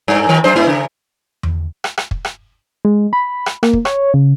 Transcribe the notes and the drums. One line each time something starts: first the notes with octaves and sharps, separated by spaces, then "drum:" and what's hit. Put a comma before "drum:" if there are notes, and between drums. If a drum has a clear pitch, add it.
G2
D#3 A#4
F#3 D4 C5
G#2 B3 E4
C#3
drum: tom E2
drum: rim click
drum: rim click
drum: kick
drum: rim click
G#3
B5
drum: rim click
A#3, drum: rim click
drum: kick
C#5, drum: rim click
C#3